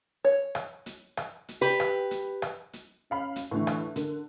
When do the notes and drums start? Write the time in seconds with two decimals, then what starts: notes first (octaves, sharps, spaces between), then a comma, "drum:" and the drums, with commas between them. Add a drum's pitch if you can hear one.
0.25 C#5
0.55 drum: rim click
0.86 drum: hi-hat
1.17 drum: rim click
1.49 drum: hi-hat
1.61 G4 B4
1.80 drum: rim click
2.11 drum: hi-hat
2.42 drum: rim click
2.73 drum: hi-hat
3.11 C#4 F5 B5
3.36 drum: hi-hat
3.51 A2 D3 E3
3.67 drum: rim click
3.96 D3 A#4, drum: hi-hat